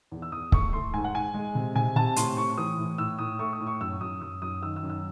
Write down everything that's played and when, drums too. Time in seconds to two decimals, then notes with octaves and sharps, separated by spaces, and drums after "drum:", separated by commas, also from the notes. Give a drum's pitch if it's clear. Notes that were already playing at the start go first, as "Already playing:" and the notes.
0.12 E2
0.22 E6
0.32 E2 D#6
0.52 A3 C#6, drum: kick C#1
0.73 A3 C6
0.93 G#2 G#5
1.04 F#5
1.14 G#2 G#5
1.34 G#3
1.55 C3
1.75 C3 G#5
1.96 C3 A5
2.16 A2 C6, drum: hi-hat
2.37 A2 C#6
2.57 E3 D#6
2.78 A2
2.98 A2 E6
3.19 A2 D#6
3.39 A3 C#6
3.53 D#6
3.60 A2
3.67 C#6
3.81 F#2 E6
4.01 F#2 D#6
4.21 F#2 D#6
4.42 F#2 D#6
4.62 D#3 E6
4.76 E6
4.83 F#2
4.90 E6